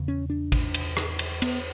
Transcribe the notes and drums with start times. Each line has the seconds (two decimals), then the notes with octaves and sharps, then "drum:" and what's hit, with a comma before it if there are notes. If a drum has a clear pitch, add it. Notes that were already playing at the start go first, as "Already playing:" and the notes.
Already playing: E2 C#3
0.08 C#4
0.30 D4
0.52 drum: kick A1, cymbal
0.74 drum: cymbal
0.97 drum: rim click
1.19 drum: cymbal
1.42 B3, drum: cymbal